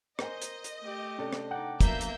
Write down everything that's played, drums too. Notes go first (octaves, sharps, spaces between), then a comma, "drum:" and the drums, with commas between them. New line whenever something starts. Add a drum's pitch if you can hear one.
A#4 C5 D#5 G5 G#5, drum: rim click
drum: hi-hat
drum: hi-hat
A3 G4
C3 C#4 D4 A4
drum: rim click
D#4 D5 F#5 G5
F#3 A#3 B3 E5 G6, drum: kick, hi-hat
drum: hi-hat